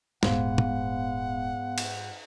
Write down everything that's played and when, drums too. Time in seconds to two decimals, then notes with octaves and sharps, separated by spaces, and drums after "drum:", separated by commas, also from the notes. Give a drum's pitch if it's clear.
0.23 D#1 G#2 G#3 B3 F5 F#5, drum: snare
0.58 drum: tom
1.78 drum: cymbal